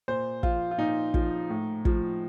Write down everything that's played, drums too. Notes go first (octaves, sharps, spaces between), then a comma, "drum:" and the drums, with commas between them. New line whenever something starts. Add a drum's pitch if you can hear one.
A#2 C5
F3 F4, drum: kick
F4
A#2 D#4
F3, drum: kick
A2
F3, drum: kick